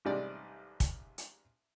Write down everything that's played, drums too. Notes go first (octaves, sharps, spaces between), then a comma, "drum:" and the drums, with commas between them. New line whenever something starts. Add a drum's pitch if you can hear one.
A1 G#2 C3 G3 D5 D#5
drum: kick, hi-hat
drum: hi-hat